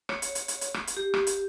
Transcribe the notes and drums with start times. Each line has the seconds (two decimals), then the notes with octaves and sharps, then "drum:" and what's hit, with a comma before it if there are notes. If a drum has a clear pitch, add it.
0.09 C#5, drum: rim click
0.22 drum: hi-hat
0.35 drum: hi-hat
0.48 drum: hi-hat
0.61 drum: hi-hat
0.74 drum: rim click
0.87 drum: hi-hat
0.97 G4
1.14 drum: rim click
1.27 drum: hi-hat